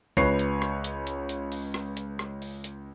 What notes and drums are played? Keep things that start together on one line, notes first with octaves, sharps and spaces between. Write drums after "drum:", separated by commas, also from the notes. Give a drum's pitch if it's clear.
C#2 B4 C#5 C7, drum: kick B1
drum: hi-hat
drum: rim click
drum: hi-hat
drum: hi-hat
drum: hi-hat
drum: open hi-hat
drum: rim click
drum: hi-hat
drum: rim click
drum: open hi-hat
drum: hi-hat